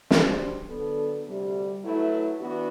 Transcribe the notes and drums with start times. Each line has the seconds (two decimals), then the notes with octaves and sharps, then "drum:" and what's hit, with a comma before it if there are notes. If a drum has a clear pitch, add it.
0.11 B2 G3 D4 F#4 C5, drum: snare
0.68 D3 F#3 B3 D4 A4
1.25 D2 C3 G3
1.82 F#3 A3 E4 B4
2.39 E3 B3 D4 F#4